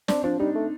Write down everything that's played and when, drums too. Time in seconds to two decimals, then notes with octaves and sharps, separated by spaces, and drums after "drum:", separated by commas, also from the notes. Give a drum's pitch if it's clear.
0.08 C4 D4, drum: snare
0.24 F3 D4
0.39 G3 D#4
0.55 A3